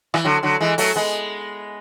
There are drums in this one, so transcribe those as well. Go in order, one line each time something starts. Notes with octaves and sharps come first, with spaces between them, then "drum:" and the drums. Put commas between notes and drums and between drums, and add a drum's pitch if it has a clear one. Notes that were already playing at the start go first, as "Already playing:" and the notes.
E3, drum: rim click
D3 F#3
D3 F#3
E3 G#3
F#3 A3, drum: open hi-hat
G#3 B3